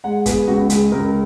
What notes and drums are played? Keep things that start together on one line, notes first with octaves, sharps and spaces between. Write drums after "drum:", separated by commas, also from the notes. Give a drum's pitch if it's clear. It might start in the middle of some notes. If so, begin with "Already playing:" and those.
G#3 F#5
B3 G#4, drum: kick, hi-hat
C#2 F#4
G#3 G#4, drum: hi-hat
C#2 A#4